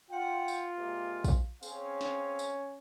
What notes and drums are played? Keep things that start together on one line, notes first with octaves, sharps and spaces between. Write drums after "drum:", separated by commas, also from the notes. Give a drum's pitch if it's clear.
F4 F#5 G5
drum: tambourine
C3 G#3 A#3
drum: kick, tambourine
C4 C#4 G#4 F5, drum: tambourine
drum: snare
drum: tambourine